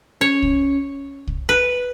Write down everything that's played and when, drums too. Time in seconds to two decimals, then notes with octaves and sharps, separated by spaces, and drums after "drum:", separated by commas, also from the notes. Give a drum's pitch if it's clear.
0.21 C#4 C#5
0.42 drum: kick C2
1.27 drum: kick C2
1.49 B4